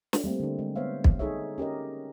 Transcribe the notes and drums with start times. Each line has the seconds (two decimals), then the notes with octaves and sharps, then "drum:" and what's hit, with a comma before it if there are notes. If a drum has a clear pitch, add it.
0.13 drum: snare
0.24 G3 A3 A#3 C4
0.40 D3 D4
0.59 G#3
0.76 B3 C5 C#5 E5 F5
1.04 drum: kick
1.19 D#4 G#4 A4 C#5 E5
1.58 C#4 G4 A#4 D#5